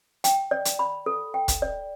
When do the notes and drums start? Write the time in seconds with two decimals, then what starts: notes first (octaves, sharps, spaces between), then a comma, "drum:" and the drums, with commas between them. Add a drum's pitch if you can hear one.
0.24 G5, drum: hi-hat
0.51 D5
0.65 drum: hi-hat
0.79 B5
1.06 A4
1.34 G5
1.48 drum: kick, hi-hat
1.62 D5